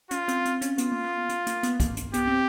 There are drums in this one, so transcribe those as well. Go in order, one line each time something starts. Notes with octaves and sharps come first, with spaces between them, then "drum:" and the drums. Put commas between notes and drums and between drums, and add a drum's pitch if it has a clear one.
C#4 F4, drum: hi-hat
C4, drum: hi-hat
C4, drum: hi-hat
C#4, drum: hi-hat
B3 F4, drum: hi-hat
A#3
B3
drum: hi-hat
A#3, drum: hi-hat
B3, drum: hi-hat
A#3, drum: kick, hi-hat
drum: hi-hat
B3 G4, drum: hi-hat
C4